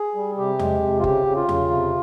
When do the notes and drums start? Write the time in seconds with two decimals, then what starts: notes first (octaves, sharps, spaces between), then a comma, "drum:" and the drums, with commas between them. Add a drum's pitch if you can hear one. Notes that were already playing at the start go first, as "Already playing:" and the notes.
Already playing: G#4
0.15 G3
0.38 C3 G4
0.59 G#3, drum: tom E2
0.82 C3
0.99 F4
1.04 C#3 G4, drum: kick F#1
1.26 C#3
1.36 F4
1.49 C#3, drum: tom E2
1.70 C3